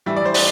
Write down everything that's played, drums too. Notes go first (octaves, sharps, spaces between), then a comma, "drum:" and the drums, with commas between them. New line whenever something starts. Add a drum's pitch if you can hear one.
A2 E3 G3 E5
D5
C5
D5, drum: open hi-hat